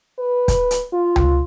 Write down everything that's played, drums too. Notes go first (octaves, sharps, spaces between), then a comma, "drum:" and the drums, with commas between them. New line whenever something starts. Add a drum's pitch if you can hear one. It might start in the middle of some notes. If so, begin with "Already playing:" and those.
B4
drum: kick, hi-hat
drum: hi-hat
F4
drum: tom C#2